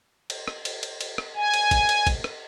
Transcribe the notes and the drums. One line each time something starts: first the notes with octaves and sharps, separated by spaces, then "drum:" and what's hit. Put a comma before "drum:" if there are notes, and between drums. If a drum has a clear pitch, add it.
drum: cymbal
drum: rim click
drum: cymbal
drum: cymbal
drum: cymbal
drum: rim click
G#5
drum: cymbal
drum: kick, cymbal
drum: cymbal
drum: kick, cymbal
drum: rim click